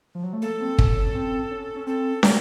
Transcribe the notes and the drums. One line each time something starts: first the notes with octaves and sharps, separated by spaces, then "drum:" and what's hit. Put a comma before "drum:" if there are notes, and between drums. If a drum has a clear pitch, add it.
F3
F#3
A3
A#3 A4
C4
C#4, drum: kick
C#4
C4
C#4
C#4
C4 A4
C#4 A#4, drum: snare